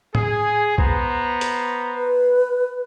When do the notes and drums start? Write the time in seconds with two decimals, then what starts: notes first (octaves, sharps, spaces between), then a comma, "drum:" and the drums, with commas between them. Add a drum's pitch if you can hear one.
0.15 G#4, drum: tom
0.78 B3 C5 A#5, drum: kick B1
1.41 drum: hi-hat
1.95 B4